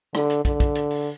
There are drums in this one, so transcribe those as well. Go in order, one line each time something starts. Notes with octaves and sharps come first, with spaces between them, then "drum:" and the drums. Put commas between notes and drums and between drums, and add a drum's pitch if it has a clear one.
D3, drum: rim click
drum: hi-hat
D3, drum: kick, hi-hat
drum: kick, hi-hat
drum: hi-hat
drum: open hi-hat